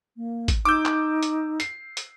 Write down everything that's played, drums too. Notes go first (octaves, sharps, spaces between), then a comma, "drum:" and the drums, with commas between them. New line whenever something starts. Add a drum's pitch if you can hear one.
A#3
drum: kick, hi-hat
D#4 D6 E6 G6
drum: clap
drum: hi-hat
C7, drum: hi-hat
drum: hi-hat